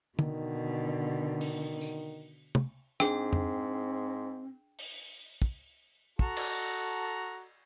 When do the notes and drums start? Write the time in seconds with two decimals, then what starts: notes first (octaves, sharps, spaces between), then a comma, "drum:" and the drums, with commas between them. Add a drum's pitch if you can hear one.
0.19 B2 D3 D#3, drum: tom
1.41 drum: open hi-hat
1.81 drum: tambourine
2.55 drum: tom
3.00 G#2 C4 D4 G#4 G5, drum: rim click
3.33 drum: tom F2
4.79 drum: open hi-hat
5.42 drum: kick
6.19 F#4 A4 A#5, drum: kick
6.36 drum: cymbal